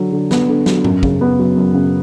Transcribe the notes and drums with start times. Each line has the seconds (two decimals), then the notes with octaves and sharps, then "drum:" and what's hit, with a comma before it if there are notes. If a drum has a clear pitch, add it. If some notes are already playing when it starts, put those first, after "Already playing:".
Already playing: D3 F#3
0.12 D3
0.31 B3, drum: snare
0.49 D3
0.66 F#3, drum: snare
0.84 F#2, drum: tom G#2
1.03 C#3, drum: kick
1.21 B3
1.39 F#3
1.57 F#2
1.74 C#3